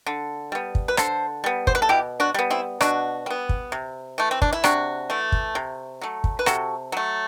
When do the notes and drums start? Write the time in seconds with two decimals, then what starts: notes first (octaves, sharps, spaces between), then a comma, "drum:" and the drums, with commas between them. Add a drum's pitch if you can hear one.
0.07 D3
0.52 G3 B3
0.75 drum: kick
0.88 B4
0.97 D3 A4 C5, drum: rim click
1.44 G3 B3
1.67 C5, drum: kick
1.75 B4
1.82 A4
1.89 B2 E4 G4
2.20 D4 F#4
2.34 G3 B3
2.50 C4 E4
2.81 B2 D4 F#4, drum: rim click
3.26 G3 B3
3.49 drum: kick
3.72 C3
4.18 E3 A3
4.31 C4
4.42 D4, drum: kick
4.53 E4
4.64 C3 D4 F#4, drum: rim click
5.10 E3 A3
5.32 drum: kick
5.55 C3
6.01 F#3 A3
6.24 drum: kick
6.39 B4
6.46 C3 F#4 A4, drum: rim click
6.92 F#3 A3